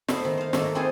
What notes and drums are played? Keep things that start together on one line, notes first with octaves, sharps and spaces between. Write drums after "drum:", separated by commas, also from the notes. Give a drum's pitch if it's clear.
A3 B3 C5, drum: snare
D#3
C5 F5
D#3 A3 A#3 F#4 A4, drum: snare
B3 C4 D#4 F4 G#4